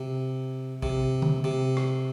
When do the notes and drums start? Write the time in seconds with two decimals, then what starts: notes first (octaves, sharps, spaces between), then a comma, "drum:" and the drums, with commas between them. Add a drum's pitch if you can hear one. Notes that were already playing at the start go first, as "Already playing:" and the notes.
Already playing: C3
0.83 C3, drum: kick
1.22 drum: tom D3
1.44 C3
1.77 drum: rim click